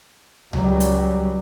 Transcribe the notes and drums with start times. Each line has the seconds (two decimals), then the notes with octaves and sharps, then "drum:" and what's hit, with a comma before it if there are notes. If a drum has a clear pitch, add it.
0.53 C#2 F#3 G3, drum: tom C#2
0.80 drum: hi-hat